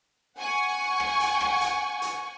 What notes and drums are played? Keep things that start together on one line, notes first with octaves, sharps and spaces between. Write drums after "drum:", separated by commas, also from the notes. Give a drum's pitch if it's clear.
F#5 G#5 C#6
drum: rim click
drum: hi-hat
drum: rim click
drum: hi-hat
drum: hi-hat